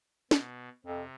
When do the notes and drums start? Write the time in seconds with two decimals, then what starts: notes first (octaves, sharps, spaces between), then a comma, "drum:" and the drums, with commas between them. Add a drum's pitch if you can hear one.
0.31 B2, drum: snare
0.85 F2 C3